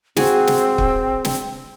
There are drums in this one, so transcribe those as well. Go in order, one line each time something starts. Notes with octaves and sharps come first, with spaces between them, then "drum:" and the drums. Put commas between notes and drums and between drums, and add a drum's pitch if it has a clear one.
C4 F#4 G#4, drum: snare
drum: snare
drum: kick
drum: snare